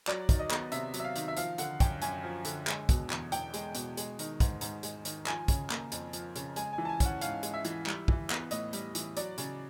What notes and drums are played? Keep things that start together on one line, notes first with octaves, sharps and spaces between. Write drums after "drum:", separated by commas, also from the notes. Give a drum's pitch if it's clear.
F#3 D5, drum: clap
D#3, drum: kick, hi-hat
D#5
B3, drum: clap
C3 E5, drum: hi-hat
F#3, drum: hi-hat
E5
F5
D#3, drum: hi-hat
E5
F3 F5, drum: hi-hat
D3 F#5, drum: hi-hat
F#2 G5, drum: kick, hi-hat
F#2 G#5, drum: hi-hat
F3
D3, drum: hi-hat
G#3, drum: clap
B2, drum: kick, hi-hat
E2, drum: clap
E2 G5, drum: hi-hat
G#3, drum: hi-hat
B2, drum: hi-hat
G#3, drum: hi-hat
D#3, drum: hi-hat
G#2, drum: kick, hi-hat
G#2, drum: hi-hat
G#3, drum: hi-hat
D#3, drum: hi-hat
F3 G#5, drum: clap
C#3, drum: kick, hi-hat
A#3, drum: clap
F2, drum: hi-hat
F3, drum: hi-hat
C#3, drum: hi-hat
G#3 G#5, drum: hi-hat
G#5
E3
A5
G#5
C#4, drum: kick, hi-hat
F#5
G#2 F5, drum: hi-hat
G#3, drum: hi-hat
E5
E3, drum: hi-hat
G3, drum: clap
E3, drum: kick
B3, drum: clap
A2 D#5, drum: hi-hat
G3, drum: hi-hat
E3, drum: hi-hat
F#3 D5, drum: hi-hat
C#3, drum: hi-hat